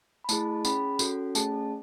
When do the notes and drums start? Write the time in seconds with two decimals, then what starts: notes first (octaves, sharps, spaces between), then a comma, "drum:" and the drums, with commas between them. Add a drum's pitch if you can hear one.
0.24 B5
0.29 A3 E4 G#4 A5, drum: tambourine
0.65 C#4 G#4 B5, drum: tambourine
0.99 C#4 F#4 A4, drum: tambourine
1.35 A3 C#4 G#4 A5, drum: tambourine